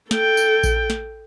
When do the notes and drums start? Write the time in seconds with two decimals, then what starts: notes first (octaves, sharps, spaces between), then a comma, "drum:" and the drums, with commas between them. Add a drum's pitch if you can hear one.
0.11 A4 G5, drum: snare
0.37 drum: tambourine
0.63 drum: kick A#1, tambourine
0.90 drum: snare